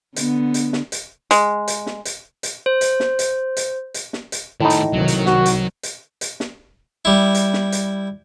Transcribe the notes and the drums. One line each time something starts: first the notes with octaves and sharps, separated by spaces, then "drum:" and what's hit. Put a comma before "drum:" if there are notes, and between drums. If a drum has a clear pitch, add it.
D3 B3, drum: hi-hat
drum: hi-hat
drum: snare
drum: hi-hat
G#3, drum: hi-hat
drum: hi-hat
drum: snare
drum: hi-hat
drum: hi-hat
C5
drum: hi-hat
drum: snare
drum: hi-hat
drum: hi-hat
drum: hi-hat
drum: snare
drum: hi-hat
A2 D#3 A3 D#4
drum: hi-hat
C2 D#3 F#3
drum: hi-hat
F#4, drum: snare
drum: hi-hat
drum: hi-hat
drum: hi-hat
drum: snare
G3 E4
drum: hi-hat
drum: snare
drum: hi-hat